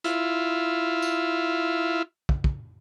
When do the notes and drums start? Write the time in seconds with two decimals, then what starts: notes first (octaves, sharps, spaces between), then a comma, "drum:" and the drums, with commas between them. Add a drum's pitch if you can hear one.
0.04 E4 F4, drum: hi-hat
1.02 drum: tambourine
2.29 drum: kick
2.44 drum: kick